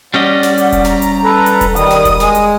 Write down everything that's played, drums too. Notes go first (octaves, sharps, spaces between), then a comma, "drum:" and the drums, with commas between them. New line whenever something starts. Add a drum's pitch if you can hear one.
G3 C#4 D5 D#5 F#5
drum: snare
drum: hi-hat
drum: kick E1, hi-hat
A#5, drum: snare
drum: hi-hat
A4 B4
drum: hi-hat
drum: kick E1, hi-hat
D#3 G3 D#6, drum: hi-hat
drum: snare
drum: kick E1, hi-hat
G#3, drum: snare
drum: hi-hat